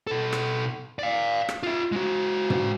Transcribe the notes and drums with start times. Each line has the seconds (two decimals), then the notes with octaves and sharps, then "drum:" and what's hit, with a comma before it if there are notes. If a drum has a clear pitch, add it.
0.07 B2 A4
0.33 drum: rim click
0.99 D5 F5
1.49 drum: rim click
1.63 F4 E5
1.92 G#3 F#4
2.50 drum: tom